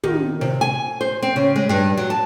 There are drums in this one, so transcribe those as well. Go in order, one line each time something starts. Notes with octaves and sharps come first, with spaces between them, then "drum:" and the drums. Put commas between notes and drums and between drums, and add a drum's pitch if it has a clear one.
D#3, drum: tom
C3
G#5
C5
C4
C#3
G#3
G2
F#3
A5